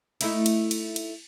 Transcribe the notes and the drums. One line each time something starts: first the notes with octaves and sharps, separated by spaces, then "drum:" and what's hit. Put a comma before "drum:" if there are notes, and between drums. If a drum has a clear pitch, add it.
A3 D#4 E4, drum: cymbal
drum: cymbal
drum: cymbal
drum: cymbal